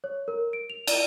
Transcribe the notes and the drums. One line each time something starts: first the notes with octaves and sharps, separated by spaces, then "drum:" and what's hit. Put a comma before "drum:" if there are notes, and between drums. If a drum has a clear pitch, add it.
C#5
A#4
D7
F7
D5, drum: cymbal